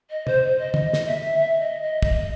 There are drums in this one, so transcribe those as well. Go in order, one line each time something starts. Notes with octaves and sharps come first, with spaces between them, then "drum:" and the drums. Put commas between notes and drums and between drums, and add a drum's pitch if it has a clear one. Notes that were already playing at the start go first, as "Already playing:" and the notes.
D#5
C5, drum: tom
C5
D#5
D#5, drum: tom
drum: snare
E5
E5
D#5
D#5
D#5, drum: kick